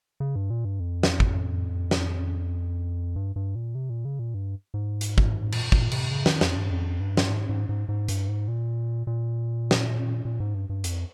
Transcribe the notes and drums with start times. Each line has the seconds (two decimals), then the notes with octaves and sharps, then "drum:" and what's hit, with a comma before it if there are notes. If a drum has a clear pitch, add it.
0.20 C#3
0.36 G2
0.50 A#2
0.65 G2
0.80 F2
1.03 drum: snare
1.20 drum: kick
1.91 drum: snare
3.16 G2
3.36 G2
3.55 A#2
3.75 C3
3.90 A#2
4.05 C#3
4.19 A#2
4.34 G2
4.74 G#2
5.01 drum: hi-hat
5.18 drum: kick
5.52 A#2, drum: cymbal
5.72 A#2, drum: kick
5.92 C3, drum: cymbal
6.12 C#3
6.26 D#3, drum: snare
6.41 F2, drum: snare
6.56 G2
6.70 F2
7.00 G2
7.17 drum: snare
7.30 G#2
7.49 G#2
7.69 G#2
7.89 G#2
8.09 G2, drum: hi-hat
8.28 G#2
8.48 A#2
9.07 A#2
9.71 drum: snare
10.25 A#2
10.40 G#2
10.55 G2
10.69 G2
10.84 F2, drum: hi-hat